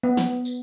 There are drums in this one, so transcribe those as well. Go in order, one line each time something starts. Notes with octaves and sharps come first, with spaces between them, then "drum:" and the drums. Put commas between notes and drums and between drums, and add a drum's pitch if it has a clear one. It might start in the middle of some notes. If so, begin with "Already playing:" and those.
B3
drum: snare
drum: tambourine